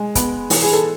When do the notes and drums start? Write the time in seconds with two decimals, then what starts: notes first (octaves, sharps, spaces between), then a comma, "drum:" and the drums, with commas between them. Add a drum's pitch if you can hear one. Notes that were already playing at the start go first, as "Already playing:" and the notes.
Already playing: G#3
0.15 B3, drum: kick, hi-hat
0.50 E3, drum: open hi-hat
0.62 G#4
0.73 A4